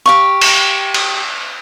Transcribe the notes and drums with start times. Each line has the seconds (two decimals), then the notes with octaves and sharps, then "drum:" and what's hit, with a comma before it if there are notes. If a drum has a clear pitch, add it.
0.06 G4 F5 C#6
0.41 drum: cymbal
0.94 drum: cymbal